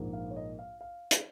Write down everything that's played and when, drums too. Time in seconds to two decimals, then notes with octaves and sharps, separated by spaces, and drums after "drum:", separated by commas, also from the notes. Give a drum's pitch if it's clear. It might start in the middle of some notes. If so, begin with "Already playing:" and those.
Already playing: A#1 G#2 F3 A#3
0.13 F5
0.30 C#5
0.36 D#5
0.59 F5
0.81 F5
1.11 drum: hi-hat